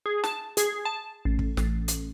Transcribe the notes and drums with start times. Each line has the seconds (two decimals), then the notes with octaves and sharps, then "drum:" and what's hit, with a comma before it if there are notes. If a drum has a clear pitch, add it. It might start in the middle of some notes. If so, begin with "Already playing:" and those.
0.06 G#4
0.24 A5, drum: snare
0.57 G#4, drum: hi-hat
0.85 A5
1.25 A1
1.39 drum: kick
1.57 A1, drum: snare
1.88 drum: hi-hat